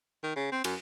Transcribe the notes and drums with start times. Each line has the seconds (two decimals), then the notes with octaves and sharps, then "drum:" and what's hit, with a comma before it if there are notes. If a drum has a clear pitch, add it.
0.24 D#3
0.36 C#3
0.52 C4
0.64 F#2, drum: cymbal